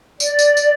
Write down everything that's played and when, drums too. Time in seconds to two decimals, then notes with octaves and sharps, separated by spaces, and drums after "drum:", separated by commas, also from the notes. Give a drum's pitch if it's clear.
0.20 D5, drum: tambourine
0.39 drum: tambourine
0.57 drum: tambourine